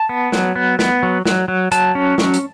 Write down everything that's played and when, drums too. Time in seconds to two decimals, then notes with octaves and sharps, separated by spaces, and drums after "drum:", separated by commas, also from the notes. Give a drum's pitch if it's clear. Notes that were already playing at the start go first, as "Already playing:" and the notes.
Already playing: A5
0.09 B3
0.32 F#3, drum: snare
0.56 B3
0.79 B3, drum: snare
1.03 F#3
1.26 F#3, drum: snare
1.48 F#3
1.72 F#3 A5, drum: hi-hat
1.95 C#4
2.18 F#3, drum: snare
2.34 drum: hi-hat